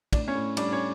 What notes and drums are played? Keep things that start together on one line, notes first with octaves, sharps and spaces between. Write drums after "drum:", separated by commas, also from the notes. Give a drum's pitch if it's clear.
A2 D4 D5, drum: kick, cymbal
C#4 C#5
A2
G3 D4 D5, drum: cymbal
C#4 C#5